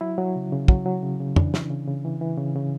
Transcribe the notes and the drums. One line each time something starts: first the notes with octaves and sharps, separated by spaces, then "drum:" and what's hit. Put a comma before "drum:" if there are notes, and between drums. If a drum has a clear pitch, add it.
F#3 E4
F#3
C#3
C#3
F#3, drum: kick
F#3
C#3
C#3
E3 D4, drum: tom
E3, drum: snare
C#3
C#3
E3
E3
C#3
C#3